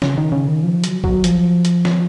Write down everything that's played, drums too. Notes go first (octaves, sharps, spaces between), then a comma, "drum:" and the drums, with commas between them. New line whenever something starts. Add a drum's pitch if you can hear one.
C#3, drum: snare
D#3
C#3
D#3
F3
F#3, drum: hi-hat
F#3, drum: kick
F3, drum: hi-hat
drum: hi-hat
drum: snare